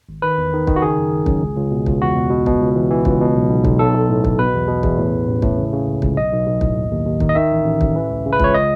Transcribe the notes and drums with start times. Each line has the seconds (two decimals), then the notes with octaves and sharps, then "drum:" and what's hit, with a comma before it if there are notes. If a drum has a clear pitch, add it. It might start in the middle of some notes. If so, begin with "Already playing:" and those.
0.09 G#1
0.22 D#3 B4
0.38 E2
0.53 D#3
0.67 D#3, drum: kick
0.76 F#4
0.82 C#3 G#4
0.98 F#2
1.13 G#1
1.26 F#2, drum: kick
1.42 C#2
1.57 C#2
1.71 B2
1.86 C#2, drum: kick
2.01 E2 F#4
2.16 B2
2.30 B2
2.46 B2, drum: kick
2.61 C#2
2.76 E3
2.91 E3
3.05 C#2, drum: kick
3.21 B2
3.35 B1
3.49 B1
3.65 B1, drum: kick
3.79 B1 A4
3.95 B1
4.10 A2
4.25 B1, drum: kick
4.39 B2 B4
4.54 E2
4.68 B2
4.83 E2, drum: kick
4.98 A2
5.13 A1
5.27 A1
5.42 A2, drum: kick
5.58 C#3
5.73 C#3
5.88 C#2
6.02 C#2, drum: kick
6.17 B1 D#5
6.32 B1
6.47 B1
6.61 A2, drum: kick
6.76 D#2
6.91 D#2
7.06 D#2
7.20 D#3, drum: kick
7.29 D#5
7.35 D#3 E5
7.51 A1
7.65 A1
7.81 A1, drum: kick
7.96 E3
8.10 C#2
8.26 C#3
8.33 B4
8.40 C#2 C#5, drum: kick
8.54 D#5